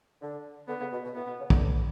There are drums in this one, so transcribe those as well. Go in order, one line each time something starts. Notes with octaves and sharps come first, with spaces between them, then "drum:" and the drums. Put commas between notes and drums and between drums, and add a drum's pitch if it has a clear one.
D3
D3 B3
C#3
B2
B2
A2 B3
B2
C#3
D3, drum: kick